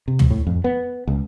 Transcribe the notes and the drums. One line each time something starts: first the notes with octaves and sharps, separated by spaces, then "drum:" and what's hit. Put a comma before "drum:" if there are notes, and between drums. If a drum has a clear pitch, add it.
C3
drum: tom
A2
F2
B3
C#2